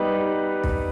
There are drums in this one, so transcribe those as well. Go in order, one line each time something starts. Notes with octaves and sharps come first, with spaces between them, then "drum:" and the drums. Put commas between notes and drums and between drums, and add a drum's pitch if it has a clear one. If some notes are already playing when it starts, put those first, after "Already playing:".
Already playing: G3 B3 D#4 G4 B4
drum: kick